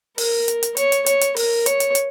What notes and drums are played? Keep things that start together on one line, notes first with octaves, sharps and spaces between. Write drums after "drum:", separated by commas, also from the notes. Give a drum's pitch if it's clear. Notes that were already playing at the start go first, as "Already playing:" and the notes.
A#4, drum: open hi-hat
drum: hi-hat
drum: hi-hat
C#5, drum: hi-hat
drum: hi-hat
C#5, drum: hi-hat
drum: hi-hat
A#4, drum: open hi-hat
C#5, drum: hi-hat
drum: hi-hat
drum: hi-hat